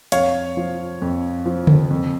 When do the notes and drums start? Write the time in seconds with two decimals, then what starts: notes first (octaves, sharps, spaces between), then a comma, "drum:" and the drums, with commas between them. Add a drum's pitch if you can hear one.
0.12 F2 C#5 F5, drum: hi-hat
0.57 F3
1.02 F2
1.46 F3
1.67 drum: tom C#3
1.91 F2